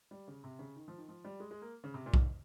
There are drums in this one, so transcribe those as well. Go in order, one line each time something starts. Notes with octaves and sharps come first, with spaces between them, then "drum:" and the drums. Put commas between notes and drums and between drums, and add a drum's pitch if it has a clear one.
G3
C#3
C3
C#3
D#3
F3
D#3
F3
G3
G#3
G#3
A#3
C#3
C3
A#2
G#2, drum: kick B1